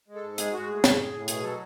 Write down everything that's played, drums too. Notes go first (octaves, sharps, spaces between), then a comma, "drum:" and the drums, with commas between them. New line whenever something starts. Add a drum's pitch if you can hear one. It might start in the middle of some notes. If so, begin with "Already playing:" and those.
G#3
A4
G#2
G#3 G#4, drum: hi-hat
G#3 F#4
A2 G#4
A2, drum: snare
A2
A2
B2 G#4, drum: hi-hat
F#3 A4